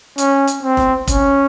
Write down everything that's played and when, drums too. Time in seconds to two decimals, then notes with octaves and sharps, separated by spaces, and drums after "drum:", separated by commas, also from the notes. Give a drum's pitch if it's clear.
0.18 C#4, drum: hi-hat
0.47 drum: hi-hat
0.63 C4
0.77 drum: snare
1.07 C#4, drum: kick, hi-hat